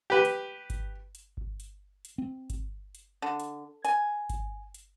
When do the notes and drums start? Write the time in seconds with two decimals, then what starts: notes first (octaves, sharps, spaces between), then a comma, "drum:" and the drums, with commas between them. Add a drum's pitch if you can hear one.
0.10 G4 B4
0.25 drum: hi-hat
0.70 drum: kick G1, hi-hat
1.15 drum: hi-hat
1.37 drum: kick G1
1.60 drum: hi-hat
2.05 drum: hi-hat
2.18 C4
2.50 drum: kick G1, hi-hat
2.95 drum: hi-hat
3.22 D3
3.40 drum: hi-hat
3.85 G#5, drum: hi-hat
4.29 drum: kick G1, hi-hat
4.74 drum: hi-hat